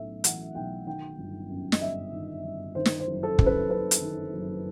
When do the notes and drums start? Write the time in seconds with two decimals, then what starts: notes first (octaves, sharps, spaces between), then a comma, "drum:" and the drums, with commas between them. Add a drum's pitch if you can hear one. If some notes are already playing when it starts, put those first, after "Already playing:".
Already playing: B1 A2 A3 E5
0.24 E3 F#5, drum: hi-hat
0.55 B1 G5
0.87 D#3 G5
1.18 G1
1.49 F#2
1.72 D#5, drum: snare
1.81 G1 E5
2.13 D#3
2.44 G1
2.75 D#3 C5
2.85 drum: snare
3.00 C5
3.07 F#1
3.23 A4
3.39 F#2, drum: kick
3.46 B4
3.70 F#1 B4
3.91 drum: hi-hat
4.02 D#3
4.33 F#1